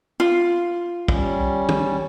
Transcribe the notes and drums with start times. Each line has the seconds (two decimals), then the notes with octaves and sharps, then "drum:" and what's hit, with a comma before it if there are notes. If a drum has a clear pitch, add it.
0.20 F4
1.08 G3 C#4, drum: kick
1.69 drum: tom